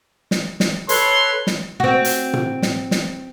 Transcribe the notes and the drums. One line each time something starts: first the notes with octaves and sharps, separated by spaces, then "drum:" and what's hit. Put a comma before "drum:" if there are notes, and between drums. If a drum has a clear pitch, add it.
drum: snare
drum: snare
A4 B4 C#5 C6, drum: hi-hat
drum: snare
C4 F#4
drum: hi-hat
drum: tom
drum: snare
drum: snare